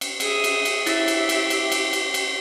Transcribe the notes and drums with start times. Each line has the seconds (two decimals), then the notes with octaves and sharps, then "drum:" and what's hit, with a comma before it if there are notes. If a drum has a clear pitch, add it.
0.01 drum: cymbal
0.20 G#4 E5 D#6, drum: cymbal
0.44 drum: cymbal
0.65 drum: cymbal
0.86 E4 G4 E5, drum: cymbal
1.08 drum: cymbal
1.29 drum: cymbal
1.50 drum: cymbal
1.72 drum: cymbal
1.93 drum: cymbal
2.14 drum: cymbal